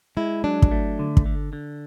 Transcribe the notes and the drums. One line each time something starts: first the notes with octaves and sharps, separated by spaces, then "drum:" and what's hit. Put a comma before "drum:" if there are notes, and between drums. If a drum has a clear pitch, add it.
G#3 E4
F#3 D4
drum: kick
A3
D3
drum: kick
D3
D3